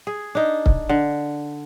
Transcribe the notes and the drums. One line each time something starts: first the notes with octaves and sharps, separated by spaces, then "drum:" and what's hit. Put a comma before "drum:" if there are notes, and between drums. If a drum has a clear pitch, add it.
G#4
D4 D#4
drum: kick C#1
D3